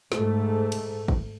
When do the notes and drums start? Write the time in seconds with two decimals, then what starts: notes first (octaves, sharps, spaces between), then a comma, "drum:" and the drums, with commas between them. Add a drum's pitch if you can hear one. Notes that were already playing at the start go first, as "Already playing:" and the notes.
0.12 G#2 A3, drum: snare
0.72 drum: cymbal
1.08 drum: kick